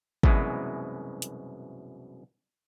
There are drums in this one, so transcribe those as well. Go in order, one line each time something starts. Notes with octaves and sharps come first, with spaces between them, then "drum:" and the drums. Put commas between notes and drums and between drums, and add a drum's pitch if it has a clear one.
C2 F#2 B2 E3 G#3, drum: kick
drum: hi-hat